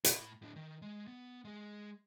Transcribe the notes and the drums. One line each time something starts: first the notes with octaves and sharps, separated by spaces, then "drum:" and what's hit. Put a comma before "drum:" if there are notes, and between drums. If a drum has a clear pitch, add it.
A2 B5, drum: hi-hat
A2 D4
D#3
G#3
B3
G#3 G#4